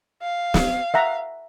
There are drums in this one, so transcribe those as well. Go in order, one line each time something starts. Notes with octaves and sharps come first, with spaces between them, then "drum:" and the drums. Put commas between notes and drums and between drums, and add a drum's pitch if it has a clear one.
F5
drum: snare
E5 F#5 A#5